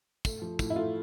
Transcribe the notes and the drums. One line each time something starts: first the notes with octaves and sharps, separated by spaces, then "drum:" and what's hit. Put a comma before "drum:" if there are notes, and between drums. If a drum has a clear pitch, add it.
A3, drum: kick, tambourine
F3
A2, drum: kick, tambourine
E4
A3 F4